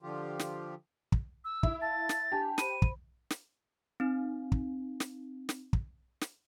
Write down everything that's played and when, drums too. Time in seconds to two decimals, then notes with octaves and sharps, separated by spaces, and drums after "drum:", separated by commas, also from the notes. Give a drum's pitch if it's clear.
0.02 D3 F3 F4 G4
0.39 drum: snare
1.12 drum: kick
1.45 E6
1.63 E4, drum: kick
1.82 F5 A5 A6
2.09 drum: snare
2.32 D4 G4 G#5 A5
2.58 C5 B5 D#7, drum: snare
2.82 drum: kick
3.30 drum: snare
4.00 C4 D#4
4.52 drum: kick
5.00 drum: snare
5.49 drum: snare
5.73 drum: kick
6.21 drum: snare